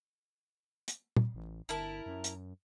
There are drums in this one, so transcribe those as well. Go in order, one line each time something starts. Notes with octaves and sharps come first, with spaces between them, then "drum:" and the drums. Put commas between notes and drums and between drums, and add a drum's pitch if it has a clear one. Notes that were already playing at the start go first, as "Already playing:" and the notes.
drum: hi-hat
drum: tom
A1
G1 E4 A#4 A5
F#2
drum: hi-hat